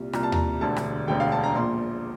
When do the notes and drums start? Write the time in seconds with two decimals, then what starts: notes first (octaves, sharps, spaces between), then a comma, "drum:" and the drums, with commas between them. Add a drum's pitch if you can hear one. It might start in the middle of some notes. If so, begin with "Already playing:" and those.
Already playing: C2 A#2
0.13 C2 A#2 A#5, drum: rim click
0.23 A5
0.32 A#5, drum: tom D#2
0.61 E1 D2 D3 A5
0.77 drum: rim click
1.08 E1 D2 D3 G5
1.20 F5
1.32 A5
1.43 A#5
1.55 A#1 A#2 C6